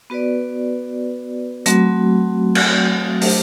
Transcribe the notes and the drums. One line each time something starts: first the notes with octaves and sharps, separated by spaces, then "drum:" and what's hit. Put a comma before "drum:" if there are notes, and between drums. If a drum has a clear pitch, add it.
B3 F#4 B4 D5
F#3 A3 C4 F#4, drum: hi-hat
drum: cymbal
F#3 A3 D4 G4 C5, drum: open hi-hat